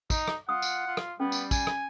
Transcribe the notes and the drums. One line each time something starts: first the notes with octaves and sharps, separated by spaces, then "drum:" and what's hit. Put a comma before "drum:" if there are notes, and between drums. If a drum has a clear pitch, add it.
D#4, drum: kick, tambourine
drum: rim click
F4 F#5 D#6
drum: tambourine
F4
drum: rim click
G3 B3 C#4
drum: tambourine
G#5, drum: kick, tambourine
drum: rim click